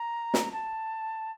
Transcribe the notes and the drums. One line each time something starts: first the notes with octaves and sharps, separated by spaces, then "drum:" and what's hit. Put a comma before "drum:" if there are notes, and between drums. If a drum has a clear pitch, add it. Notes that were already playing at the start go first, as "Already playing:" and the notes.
Already playing: A#5
drum: snare
A5